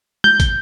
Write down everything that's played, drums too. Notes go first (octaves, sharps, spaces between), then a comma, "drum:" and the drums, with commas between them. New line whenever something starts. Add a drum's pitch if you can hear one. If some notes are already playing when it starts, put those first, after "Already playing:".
G6, drum: tom G#3
drum: kick, hi-hat